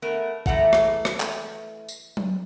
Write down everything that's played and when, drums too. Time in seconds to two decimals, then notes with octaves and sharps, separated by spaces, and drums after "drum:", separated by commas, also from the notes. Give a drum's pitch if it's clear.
0.02 A3 B3 A#4
0.46 E3 A3 F#5 A#5, drum: kick
0.73 drum: rim click
1.05 drum: rim click
1.20 drum: clap
1.88 drum: tambourine
2.17 drum: tom F#3